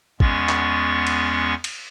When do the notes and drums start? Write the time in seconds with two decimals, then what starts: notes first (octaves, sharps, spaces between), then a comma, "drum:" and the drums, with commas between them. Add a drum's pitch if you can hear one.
0.20 E2 G#3 B3 C#4 C#6 A6, drum: kick
0.49 drum: clap
1.07 drum: cymbal
1.64 drum: cymbal